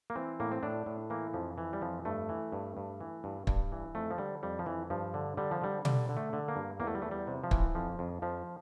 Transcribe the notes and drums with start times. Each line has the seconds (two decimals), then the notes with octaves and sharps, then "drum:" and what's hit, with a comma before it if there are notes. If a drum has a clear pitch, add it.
0.10 A#3
0.15 E3 C4
0.40 A2 A#3
0.52 C4
0.63 A2 D4
0.86 A2
1.10 E3 A#3
1.34 F2 F3
1.58 E3
1.73 G3
1.82 F2 F3
2.05 G2 A3
2.29 E3
2.52 G2
2.77 G2
3.01 E3
3.24 G2
3.47 G2, drum: kick
3.72 E3
3.95 F2 A3
4.11 F3
4.18 D3 G3
4.43 F2 G3
4.59 F3
4.66 F2 E3
4.90 G2 F3
5.14 D3
5.37 D3 G3
5.51 F3
5.61 D3 G3
5.85 D3 G3, drum: tom B2
6.09 D3
6.17 A3
6.33 D3
6.48 A#3
6.56 G2
6.79 E2 A#3
6.87 A3
6.95 G3
7.02 E2 A3
7.11 G3
7.27 C3
7.44 F3
7.51 E3, drum: kick
7.75 F2 F3
7.99 F2
8.22 F2 F3